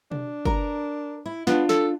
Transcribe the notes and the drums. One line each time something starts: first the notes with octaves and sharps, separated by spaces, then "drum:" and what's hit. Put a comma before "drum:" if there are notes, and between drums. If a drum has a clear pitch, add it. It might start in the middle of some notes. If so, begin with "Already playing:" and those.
D4, drum: tom B2
A#4 A#5, drum: kick
E4
B3 D4 F4, drum: snare
A4, drum: snare